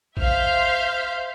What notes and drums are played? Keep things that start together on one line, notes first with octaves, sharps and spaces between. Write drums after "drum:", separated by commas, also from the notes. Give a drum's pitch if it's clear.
C5 E5 F5 F6 G6 B6, drum: kick A1